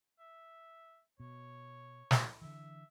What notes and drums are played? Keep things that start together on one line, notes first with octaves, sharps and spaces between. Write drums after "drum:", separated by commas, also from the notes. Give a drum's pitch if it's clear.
E5
B2 C#5
drum: snare
D3 E3 E5